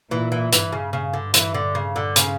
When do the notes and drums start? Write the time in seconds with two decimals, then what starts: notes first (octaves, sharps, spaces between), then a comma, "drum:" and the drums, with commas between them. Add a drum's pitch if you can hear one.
0.11 A#2 E3
0.32 E3
0.52 G2 E3, drum: hi-hat
0.73 C#3
0.93 C#3
1.14 D3
1.34 E3, drum: hi-hat
1.54 D3
1.75 C#3
1.96 D3
2.16 C#3, drum: hi-hat